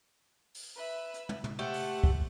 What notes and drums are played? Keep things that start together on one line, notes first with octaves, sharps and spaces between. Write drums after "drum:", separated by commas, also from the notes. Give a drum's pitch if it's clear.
drum: open hi-hat
B4 E5
drum: hi-hat
drum: tom
drum: tom
A3 G4 C5 F#5
drum: open hi-hat
drum: kick